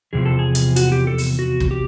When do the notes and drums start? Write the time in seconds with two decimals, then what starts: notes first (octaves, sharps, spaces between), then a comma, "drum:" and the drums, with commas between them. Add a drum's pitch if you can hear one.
0.13 E2 C3 F3 G#4
0.26 A4
0.39 G#4
0.55 drum: hi-hat
0.76 F#4, drum: hi-hat
0.92 G4
1.07 A4
1.18 drum: open hi-hat
1.39 F#4
1.60 drum: kick
1.71 G4